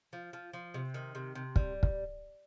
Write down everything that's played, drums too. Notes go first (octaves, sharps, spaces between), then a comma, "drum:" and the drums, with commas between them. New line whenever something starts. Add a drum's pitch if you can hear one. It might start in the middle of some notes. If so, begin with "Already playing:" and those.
F3
F3
F3
C3
D#3
C3
C3
G3, drum: kick
drum: kick